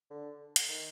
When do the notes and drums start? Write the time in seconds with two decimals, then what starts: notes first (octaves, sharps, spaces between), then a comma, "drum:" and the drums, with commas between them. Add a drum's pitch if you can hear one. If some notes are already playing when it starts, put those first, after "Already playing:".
0.11 D3
0.56 drum: hi-hat
0.69 D#3